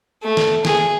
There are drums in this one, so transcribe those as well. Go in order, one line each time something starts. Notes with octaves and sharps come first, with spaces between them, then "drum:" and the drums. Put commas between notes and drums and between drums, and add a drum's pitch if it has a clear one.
A3
drum: snare
G#4, drum: snare